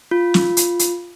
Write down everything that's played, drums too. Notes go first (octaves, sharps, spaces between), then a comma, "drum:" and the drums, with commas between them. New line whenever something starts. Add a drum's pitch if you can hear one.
F4
drum: snare
drum: hi-hat
drum: hi-hat